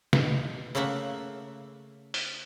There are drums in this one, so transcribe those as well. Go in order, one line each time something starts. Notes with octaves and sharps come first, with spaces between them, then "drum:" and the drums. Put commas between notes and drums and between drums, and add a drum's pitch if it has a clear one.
B2, drum: snare
C#3 A3 A#3 E5 F#5
drum: open hi-hat